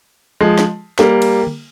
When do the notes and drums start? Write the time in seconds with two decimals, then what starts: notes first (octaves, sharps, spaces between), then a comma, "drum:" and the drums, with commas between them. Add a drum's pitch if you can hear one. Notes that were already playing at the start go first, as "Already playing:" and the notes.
0.41 F3 G#3
0.59 drum: snare
0.99 G3 A#3, drum: snare
1.22 drum: cymbal
1.47 drum: tom